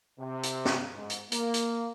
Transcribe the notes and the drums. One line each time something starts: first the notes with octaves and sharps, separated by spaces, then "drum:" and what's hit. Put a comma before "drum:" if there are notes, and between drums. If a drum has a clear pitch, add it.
C3
drum: hi-hat
drum: snare
G#2
drum: hi-hat
A#3, drum: hi-hat
drum: hi-hat